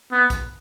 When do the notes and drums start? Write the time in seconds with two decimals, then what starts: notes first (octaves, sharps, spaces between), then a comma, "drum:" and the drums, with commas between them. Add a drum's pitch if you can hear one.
0.12 B3
0.30 drum: kick B1, hi-hat